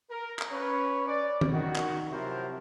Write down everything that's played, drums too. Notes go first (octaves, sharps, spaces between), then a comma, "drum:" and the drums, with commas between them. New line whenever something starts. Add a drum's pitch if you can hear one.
A#4
drum: clap
C#4 B4 C#5
D5
drum: tom
D#3 F#4
drum: clap
C3 F3 F#3 E4 A#4 C5